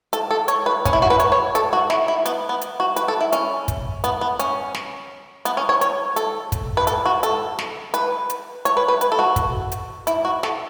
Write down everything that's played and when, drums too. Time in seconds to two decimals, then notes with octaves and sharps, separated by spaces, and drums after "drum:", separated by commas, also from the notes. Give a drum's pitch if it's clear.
0.13 A4, drum: hi-hat
0.31 A4
0.48 C#5, drum: hi-hat
0.66 B4
0.85 C#4, drum: kick, hi-hat
0.93 E4
1.02 F#4
1.10 B4
1.20 C#5, drum: hi-hat
1.32 C#5
1.55 A4, drum: hi-hat
1.73 F#4
1.90 E4, drum: snare
2.08 E4
2.26 B3, drum: hi-hat
2.49 B3
2.61 drum: hi-hat
2.80 F#4
2.96 B4, drum: hi-hat
3.08 A4
3.21 E4
3.32 C#4, drum: hi-hat
3.68 drum: kick, hi-hat
4.04 B3, drum: hi-hat
4.21 B3
4.39 C#4, drum: hi-hat
4.74 drum: snare
5.45 B3, drum: hi-hat
5.57 C#4
5.69 C#5
5.81 C#5, drum: hi-hat
6.16 A4, drum: hi-hat
6.52 drum: kick, hi-hat
6.77 B4
6.87 A4, drum: hi-hat
7.06 F#4
7.23 A4, drum: hi-hat
7.59 drum: snare
7.94 B4, drum: hi-hat
8.30 drum: hi-hat
8.65 C#5, drum: hi-hat
8.77 B4
8.88 B4
9.01 B4, drum: hi-hat
9.12 A4
9.19 F#4
9.36 drum: kick, hi-hat
9.72 drum: hi-hat
10.07 E4, drum: hi-hat
10.25 F#4
10.43 A4, drum: snare